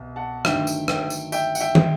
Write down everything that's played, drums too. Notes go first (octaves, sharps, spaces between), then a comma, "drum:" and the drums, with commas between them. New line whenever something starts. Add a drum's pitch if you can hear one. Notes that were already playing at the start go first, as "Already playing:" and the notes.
Already playing: C2 B2
F#5 A5
G1 G2 D#3 F#3 A3 E5 G5, drum: rim click
drum: tambourine
E5 G5, drum: rim click
drum: tambourine
E5 G5, drum: tambourine
F#5, drum: tambourine
E5 G5
drum: tom